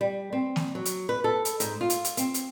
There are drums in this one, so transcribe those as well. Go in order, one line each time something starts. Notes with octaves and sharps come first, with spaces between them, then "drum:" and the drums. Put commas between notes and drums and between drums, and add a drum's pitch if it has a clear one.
G3
C4
drum: snare A#3
F#3
drum: hi-hat
B4
A4
drum: hi-hat
G#2, drum: hi-hat
F4
drum: hi-hat
drum: hi-hat
C4, drum: hi-hat
drum: hi-hat